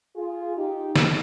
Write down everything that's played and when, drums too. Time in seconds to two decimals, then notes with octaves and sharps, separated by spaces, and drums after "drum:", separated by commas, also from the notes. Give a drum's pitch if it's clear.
0.16 F4 G#4
0.56 D#4 G4
0.96 drum: snare